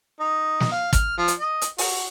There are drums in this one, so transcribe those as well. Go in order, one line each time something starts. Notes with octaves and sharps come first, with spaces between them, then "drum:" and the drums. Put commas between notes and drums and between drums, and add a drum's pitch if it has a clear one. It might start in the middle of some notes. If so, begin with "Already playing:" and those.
D#4
drum: snare
F5
F6, drum: kick, hi-hat
F3
drum: hi-hat
D#5
drum: hi-hat
F#4, drum: open hi-hat